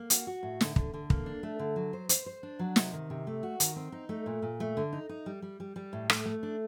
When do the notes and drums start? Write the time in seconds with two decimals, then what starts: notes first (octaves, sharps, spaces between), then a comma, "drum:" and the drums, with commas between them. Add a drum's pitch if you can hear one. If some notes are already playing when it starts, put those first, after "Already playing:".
Already playing: A#3
0.10 F#4, drum: hi-hat
0.27 F#4
0.43 A2
0.61 D3, drum: snare
0.76 D3, drum: kick
0.94 D3
1.10 A#3, drum: kick
1.26 D4
1.43 A3
1.59 D3
1.76 F#3
1.93 C5
2.09 C5, drum: hi-hat
2.26 C5
2.43 D4
2.59 F#3
2.76 C3, drum: snare
2.93 D#3
3.10 C3
3.27 A3
3.43 F#4
3.60 D#3, drum: hi-hat
3.76 C4
3.92 D#4
4.09 A3
4.26 A#2
4.42 A#2
4.60 A3
4.77 D3
4.93 D#4
5.09 D#4
5.26 G3
5.42 G3
5.60 G3
5.76 G3
5.93 A2
6.10 A3, drum: rim click
6.26 A3
6.43 D4